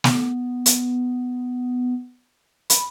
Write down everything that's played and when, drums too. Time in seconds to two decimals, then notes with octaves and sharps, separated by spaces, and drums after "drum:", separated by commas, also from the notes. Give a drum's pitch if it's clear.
0.04 B3, drum: snare
0.66 drum: hi-hat
2.70 B5, drum: hi-hat